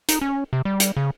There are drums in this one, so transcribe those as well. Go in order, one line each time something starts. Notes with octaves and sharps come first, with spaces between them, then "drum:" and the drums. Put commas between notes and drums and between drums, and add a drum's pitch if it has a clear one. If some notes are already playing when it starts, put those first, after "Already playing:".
D#4, drum: hi-hat
C#4
C3
G3
drum: hi-hat
C#3